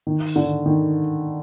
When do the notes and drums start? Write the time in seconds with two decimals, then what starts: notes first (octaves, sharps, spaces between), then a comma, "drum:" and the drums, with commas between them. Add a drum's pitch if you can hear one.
0.07 D#3
0.26 drum: open hi-hat
0.36 D3
0.66 D#3